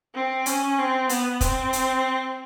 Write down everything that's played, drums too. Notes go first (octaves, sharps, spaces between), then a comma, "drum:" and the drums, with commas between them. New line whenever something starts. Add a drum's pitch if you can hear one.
C4
C#4, drum: hi-hat
C4
B3, drum: hi-hat
C4, drum: kick, hi-hat
drum: hi-hat